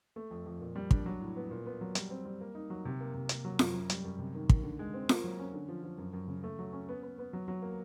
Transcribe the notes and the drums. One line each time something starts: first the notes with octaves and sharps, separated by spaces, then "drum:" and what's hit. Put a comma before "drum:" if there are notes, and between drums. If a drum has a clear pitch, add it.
A3
F2
F2
A#2
G3
D4, drum: kick
F#3
A2
B3
A#2
B3
F#3
G3, drum: hi-hat
C4
G3
A#3
D#4
F#3
C3
A#3
C3
A#3, drum: hi-hat
F#3
F#2, drum: snare F4
F#2
G3, drum: hi-hat
F#2
C3
D#3
D#3, drum: kick
D3
G#3
C4
A#3, drum: snare F4
F#3
C#4
D3
F3
F3
F#2
F#2
C#3
A3
F#3
C#4
B3
B3
B3
F#3
F#3
A#3